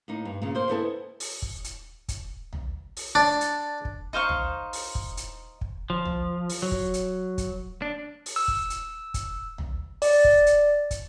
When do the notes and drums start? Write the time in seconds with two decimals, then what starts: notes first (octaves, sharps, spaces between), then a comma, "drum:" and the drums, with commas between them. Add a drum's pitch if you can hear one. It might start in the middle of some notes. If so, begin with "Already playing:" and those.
0.08 A2 A#3 D#4
0.25 G2
0.42 A#2 C#3
0.55 A#3 C5
0.69 B3 E4 A4 D#5 G#5
1.20 drum: open hi-hat
1.42 drum: kick
1.64 drum: hi-hat
2.08 drum: kick, hi-hat
2.53 drum: tom
2.97 drum: open hi-hat
3.15 D4
3.41 drum: hi-hat
3.85 drum: kick
4.13 D#4 C5 F5 C#6
4.29 drum: tom
4.73 drum: open hi-hat
4.95 drum: kick
5.17 drum: hi-hat
5.61 drum: kick
5.90 F3
6.05 drum: tom
6.50 drum: open hi-hat
6.62 F#3
6.72 drum: kick
6.94 drum: hi-hat
7.38 drum: kick, hi-hat
7.82 D4
8.26 drum: open hi-hat
8.36 E6
8.48 drum: kick
8.70 drum: hi-hat
9.14 drum: kick, hi-hat
9.58 drum: tom
10.02 D5, drum: open hi-hat
10.24 drum: kick
10.46 drum: hi-hat
10.91 drum: kick, hi-hat